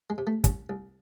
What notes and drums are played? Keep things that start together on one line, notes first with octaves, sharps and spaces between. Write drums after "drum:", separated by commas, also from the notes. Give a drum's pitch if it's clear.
G#3
C3
A3
C2 C#4, drum: kick, hi-hat
C2